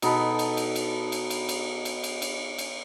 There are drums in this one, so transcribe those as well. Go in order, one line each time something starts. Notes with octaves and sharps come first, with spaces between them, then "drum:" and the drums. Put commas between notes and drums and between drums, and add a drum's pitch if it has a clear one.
B2 D#4 A4 B4, drum: cymbal
drum: cymbal
drum: cymbal
drum: cymbal
drum: cymbal
drum: cymbal
drum: cymbal
drum: cymbal
drum: cymbal
drum: cymbal
drum: cymbal